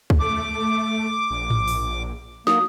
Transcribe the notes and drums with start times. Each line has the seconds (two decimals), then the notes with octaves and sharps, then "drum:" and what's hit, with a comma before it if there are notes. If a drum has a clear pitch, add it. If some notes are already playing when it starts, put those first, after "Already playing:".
0.10 drum: kick C#2
0.20 A3 D6
1.30 A#1
1.50 drum: tom G#2
1.68 drum: open hi-hat
2.47 F#3 A#3 D#6, drum: snare